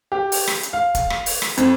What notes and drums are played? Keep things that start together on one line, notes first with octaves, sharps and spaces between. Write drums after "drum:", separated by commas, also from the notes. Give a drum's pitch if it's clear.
G4
drum: open hi-hat
drum: rim click
drum: hi-hat
F5
drum: kick, hi-hat
drum: rim click
drum: open hi-hat
drum: rim click
F2, drum: hi-hat